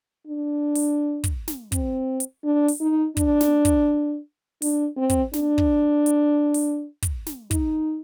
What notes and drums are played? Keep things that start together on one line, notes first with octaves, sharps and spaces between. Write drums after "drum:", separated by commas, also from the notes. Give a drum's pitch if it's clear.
D4
drum: open hi-hat
drum: kick, hi-hat
drum: snare
C4, drum: kick, hi-hat
drum: hi-hat
D4
drum: open hi-hat
D#4
D4, drum: kick, hi-hat
drum: snare
drum: kick, hi-hat
D4, drum: open hi-hat
C4
drum: kick, hi-hat
D4, drum: snare
drum: kick
drum: hi-hat
drum: open hi-hat
drum: kick, hi-hat
drum: snare
D#4, drum: kick, hi-hat